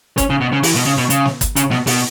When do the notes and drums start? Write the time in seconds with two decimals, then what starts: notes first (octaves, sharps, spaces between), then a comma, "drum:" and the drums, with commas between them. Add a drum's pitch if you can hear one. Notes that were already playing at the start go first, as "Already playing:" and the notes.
0.18 C#4, drum: kick, hi-hat
0.30 C#3
0.41 B2
0.53 C#3
0.63 E3, drum: open hi-hat
0.76 B2
0.86 C#3
0.98 B2
1.10 C#3, drum: hi-hat
1.25 drum: snare
1.41 drum: kick, hi-hat
1.56 C#3, drum: hi-hat
1.71 B2, drum: snare
1.87 B2, drum: open hi-hat